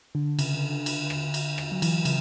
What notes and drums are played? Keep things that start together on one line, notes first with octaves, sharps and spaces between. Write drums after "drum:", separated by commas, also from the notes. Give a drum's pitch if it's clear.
D3
C#3, drum: cymbal
D3
D3
drum: cymbal
drum: rim click
drum: cymbal
drum: rim click
F#3
E3, drum: cymbal
C#3, drum: cymbal